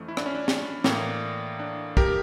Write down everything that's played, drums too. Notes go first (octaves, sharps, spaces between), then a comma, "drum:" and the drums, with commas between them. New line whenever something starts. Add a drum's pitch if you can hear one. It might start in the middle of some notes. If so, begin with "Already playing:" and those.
Already playing: F2 E3 A3 C#4
E4
D4, drum: rim click
C#4
D4
drum: snare
A2 E3 A#3, drum: snare
D4
G4 A#4, drum: kick